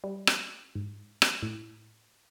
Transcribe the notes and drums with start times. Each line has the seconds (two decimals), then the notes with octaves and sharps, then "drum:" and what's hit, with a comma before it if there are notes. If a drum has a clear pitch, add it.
0.04 G3
0.27 drum: rim click
0.75 G#2
1.22 drum: rim click
1.43 A2